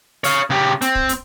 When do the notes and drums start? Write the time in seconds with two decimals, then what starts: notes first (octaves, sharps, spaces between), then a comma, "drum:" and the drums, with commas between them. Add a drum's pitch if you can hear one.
0.24 C#5 F5, drum: open hi-hat
0.50 C#3 G4
0.82 C4, drum: hi-hat
0.95 drum: kick
1.09 drum: hi-hat